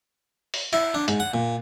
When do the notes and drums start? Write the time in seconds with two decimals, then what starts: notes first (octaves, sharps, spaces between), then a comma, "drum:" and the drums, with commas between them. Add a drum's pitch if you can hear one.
0.54 drum: open hi-hat
0.73 E4, drum: cymbal
0.94 D4
1.08 G#2, drum: hi-hat
1.20 F#5
1.34 A#2